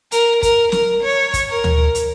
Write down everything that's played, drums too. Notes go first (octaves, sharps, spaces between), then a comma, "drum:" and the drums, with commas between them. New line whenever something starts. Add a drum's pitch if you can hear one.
A#4, drum: hi-hat
A#4, drum: kick, hi-hat
A#4, drum: snare
C#5
drum: kick, hi-hat
A#4
drum: tom D2
drum: hi-hat